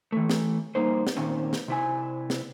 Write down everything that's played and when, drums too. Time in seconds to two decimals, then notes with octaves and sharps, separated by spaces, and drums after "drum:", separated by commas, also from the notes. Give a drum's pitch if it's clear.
0.12 E3 A3
0.30 drum: snare
0.75 F2 G3 A#3 D#4 C5
1.07 drum: snare
1.17 A#2 D#3 C4 C#4
1.53 drum: snare
1.68 C3 E4 G#5
2.30 drum: snare